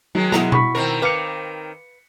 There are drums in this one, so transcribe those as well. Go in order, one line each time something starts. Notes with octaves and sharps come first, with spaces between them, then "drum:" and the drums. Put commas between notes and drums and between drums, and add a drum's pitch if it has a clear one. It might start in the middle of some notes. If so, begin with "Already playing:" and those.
D#3 F#3 G#3
B2 E4 A#5, drum: snare
B5 C#6 B6, drum: tom B2
D#3 C4 A#4
B4 F5 D6 C#7